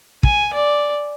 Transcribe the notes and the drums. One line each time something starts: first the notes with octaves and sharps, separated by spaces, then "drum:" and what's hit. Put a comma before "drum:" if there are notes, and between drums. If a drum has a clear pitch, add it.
G#5, drum: kick
D5